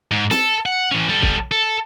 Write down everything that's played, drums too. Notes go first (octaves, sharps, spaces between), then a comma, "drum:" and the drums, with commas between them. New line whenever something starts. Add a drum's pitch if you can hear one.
G#2
A4, drum: snare
F#5
E3 C#4
G3 A4
drum: kick
A4